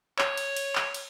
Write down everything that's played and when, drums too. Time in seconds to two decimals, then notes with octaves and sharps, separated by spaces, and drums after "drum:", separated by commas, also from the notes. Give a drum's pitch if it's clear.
0.19 C#5, drum: clap
0.37 drum: cymbal
0.56 drum: cymbal
0.75 drum: clap
0.94 drum: cymbal